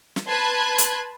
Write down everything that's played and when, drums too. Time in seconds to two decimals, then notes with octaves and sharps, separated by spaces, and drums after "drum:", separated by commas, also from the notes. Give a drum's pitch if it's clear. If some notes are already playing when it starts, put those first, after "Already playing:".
0.16 drum: snare
0.28 B4 A5 B5 C6 F#6 G#6
0.78 drum: hi-hat